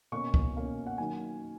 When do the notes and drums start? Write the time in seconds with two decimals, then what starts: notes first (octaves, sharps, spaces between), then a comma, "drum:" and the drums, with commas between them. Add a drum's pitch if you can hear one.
0.12 B2 A#3 C#4 C#6
0.34 drum: kick C#2
0.56 B2 A#3 C#4
0.87 F#5
0.98 D#3 F#3 A#3 G#5